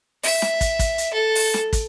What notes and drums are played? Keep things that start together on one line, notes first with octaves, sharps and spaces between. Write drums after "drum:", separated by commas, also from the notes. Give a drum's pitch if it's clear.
E5, drum: open hi-hat
drum: snare
drum: kick, hi-hat
drum: kick, hi-hat
drum: hi-hat
A4
drum: open hi-hat
drum: snare
drum: kick, hi-hat